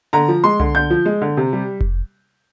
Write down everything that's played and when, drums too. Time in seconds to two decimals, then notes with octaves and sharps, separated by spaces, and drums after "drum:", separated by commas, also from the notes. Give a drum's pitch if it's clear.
0.13 D3 A#5
0.28 F3
0.44 G#3 C6
0.60 D3, drum: tom C2
0.75 D3 G6
0.90 F3
1.06 G#3
1.22 D3
1.37 C3
1.53 G3
1.81 drum: kick F1